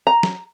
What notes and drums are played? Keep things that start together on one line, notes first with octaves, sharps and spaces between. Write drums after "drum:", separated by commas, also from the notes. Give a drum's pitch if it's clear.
A#5
drum: snare